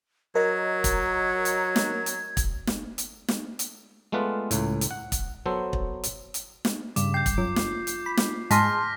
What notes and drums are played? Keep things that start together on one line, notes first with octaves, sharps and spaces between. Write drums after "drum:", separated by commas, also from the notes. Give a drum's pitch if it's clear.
F#3 A#4 D#5 A#5 G#6
drum: kick, hi-hat
drum: hi-hat
drum: snare
drum: hi-hat
drum: kick, hi-hat
drum: snare
drum: hi-hat
drum: snare
drum: hi-hat
G#3 A3 B3 F4 B4 D5
C#2 A2, drum: hi-hat
drum: hi-hat
F#5
drum: kick, hi-hat
F#3 B3 A4 C5
drum: kick
drum: hi-hat
drum: hi-hat
drum: snare
G2 C#3 G3 D6, drum: hi-hat
G5 G6 C7
drum: kick, hi-hat
F#2 F4
drum: snare
drum: hi-hat
B5
drum: snare
G#2 G#4 A5 C6 F6 A#6 B6, drum: hi-hat